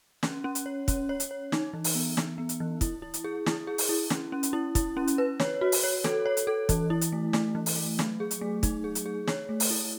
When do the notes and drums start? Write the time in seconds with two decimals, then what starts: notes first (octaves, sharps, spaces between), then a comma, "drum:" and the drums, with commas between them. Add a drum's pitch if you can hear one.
0.23 C#4, drum: snare
0.44 C#4
0.55 drum: hi-hat
0.66 C#5
0.88 C#4, drum: kick, hi-hat
1.09 C#5
1.20 drum: hi-hat
1.31 C#5
1.52 D#4, drum: snare
1.73 E3
1.84 drum: open hi-hat
1.95 B3
2.17 B3, drum: snare
2.38 B3
2.49 drum: hi-hat
2.60 E3
2.81 E4, drum: kick, hi-hat
3.02 E4
3.14 drum: hi-hat
3.24 G#4
3.46 E4, drum: snare
3.67 G#4
3.78 drum: open hi-hat
3.89 E4
4.10 C#4, drum: snare
4.32 C#4
4.43 drum: hi-hat
4.53 E4
4.75 E4, drum: kick, hi-hat
4.97 C#4
5.07 drum: hi-hat
5.18 B4
5.40 C#5, drum: snare
5.61 F#4
5.72 drum: open hi-hat
5.83 C#5
6.04 A4, drum: snare
6.26 C#5
6.37 drum: hi-hat
6.47 A4
6.69 E3, drum: kick, hi-hat
6.90 E4
7.01 drum: hi-hat
7.13 A3
7.33 A3, drum: snare
7.55 E3
7.66 drum: open hi-hat
7.76 A3
7.99 F#3, drum: snare
8.20 G#4
8.31 drum: hi-hat
8.41 A3
8.63 D#4, drum: kick, hi-hat
8.84 G#4
8.95 drum: hi-hat
9.06 G#4
9.28 C#5, drum: snare
9.49 A3
9.60 drum: open hi-hat
9.70 E4